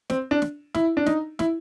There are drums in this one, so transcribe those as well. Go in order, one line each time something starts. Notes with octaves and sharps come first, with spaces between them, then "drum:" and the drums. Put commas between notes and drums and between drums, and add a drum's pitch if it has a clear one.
C4, drum: snare
D4
drum: snare
E4, drum: snare
D4
D#4, drum: snare
E4, drum: snare